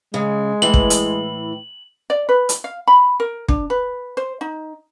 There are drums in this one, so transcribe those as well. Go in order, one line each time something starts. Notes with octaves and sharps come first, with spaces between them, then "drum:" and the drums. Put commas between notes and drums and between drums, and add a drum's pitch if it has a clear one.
C#3 G#3
A2 E3 F#7
drum: kick
drum: hi-hat
D5
B4
drum: hi-hat
F5
B5
A#4
D4, drum: kick
B4
C5
D#4